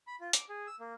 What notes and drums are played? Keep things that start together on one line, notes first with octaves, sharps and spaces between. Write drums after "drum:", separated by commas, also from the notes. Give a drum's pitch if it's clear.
B5
F4
D6, drum: hi-hat
G#4
E6
A#3